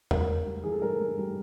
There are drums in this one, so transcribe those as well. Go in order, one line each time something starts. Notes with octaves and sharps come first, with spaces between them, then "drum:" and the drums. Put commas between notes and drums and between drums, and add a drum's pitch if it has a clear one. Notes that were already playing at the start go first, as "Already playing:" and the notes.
G2 A#4, drum: tom E2
G2
G3
E3 G#4
A4
G2 A#4
G2
G3